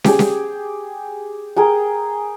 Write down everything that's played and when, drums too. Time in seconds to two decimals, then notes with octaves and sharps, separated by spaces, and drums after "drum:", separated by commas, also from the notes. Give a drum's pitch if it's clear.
0.04 G4 G#4, drum: snare
0.19 drum: snare
1.56 G#4 A#4 G5